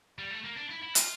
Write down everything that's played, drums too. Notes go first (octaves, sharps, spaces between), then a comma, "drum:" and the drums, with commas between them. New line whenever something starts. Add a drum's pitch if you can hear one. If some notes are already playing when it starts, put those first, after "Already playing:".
G3
A3
A#3
D4
E4
E4
F4, drum: hi-hat